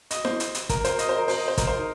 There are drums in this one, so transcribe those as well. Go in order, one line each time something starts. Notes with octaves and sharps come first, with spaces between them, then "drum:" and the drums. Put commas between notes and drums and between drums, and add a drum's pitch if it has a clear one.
D#5, drum: hi-hat
C5, drum: snare E4
drum: hi-hat
drum: hi-hat
A#4, drum: kick, hi-hat
C5, drum: hi-hat
D#5, drum: hi-hat
C5
A#4
C5, drum: open hi-hat
D#5
C5
A#4, drum: kick, hi-hat
C5
D#4